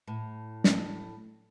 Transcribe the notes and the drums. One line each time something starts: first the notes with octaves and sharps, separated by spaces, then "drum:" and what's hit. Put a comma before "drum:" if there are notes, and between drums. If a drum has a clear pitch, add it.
A2
drum: snare